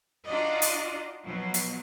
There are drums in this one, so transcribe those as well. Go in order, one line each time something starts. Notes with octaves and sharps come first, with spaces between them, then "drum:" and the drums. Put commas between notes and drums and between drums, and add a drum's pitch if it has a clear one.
D4 D#4 F4 F#4 D5 D#5
drum: hi-hat
B2 F3 F#3
drum: hi-hat